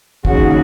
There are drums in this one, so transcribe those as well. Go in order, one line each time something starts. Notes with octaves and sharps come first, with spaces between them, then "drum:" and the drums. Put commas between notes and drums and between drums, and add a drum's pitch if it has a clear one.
D#2 C#3 F#3 F#4, drum: kick